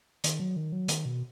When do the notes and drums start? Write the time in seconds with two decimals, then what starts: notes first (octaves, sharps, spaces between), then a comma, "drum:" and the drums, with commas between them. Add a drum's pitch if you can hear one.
0.24 D#3, drum: hi-hat
0.40 F#3
0.56 D#3
0.72 F#3
0.88 D#3, drum: hi-hat
1.05 B2